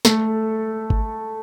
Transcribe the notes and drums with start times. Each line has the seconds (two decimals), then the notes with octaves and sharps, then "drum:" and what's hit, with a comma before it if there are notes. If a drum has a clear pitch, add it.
0.05 A3 A4, drum: snare
0.90 drum: kick